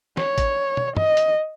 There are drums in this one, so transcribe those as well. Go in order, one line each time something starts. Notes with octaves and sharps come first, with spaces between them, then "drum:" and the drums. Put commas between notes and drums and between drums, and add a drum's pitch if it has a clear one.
C#5, drum: snare
drum: kick A1, hi-hat
drum: tom
D#5, drum: tom
drum: hi-hat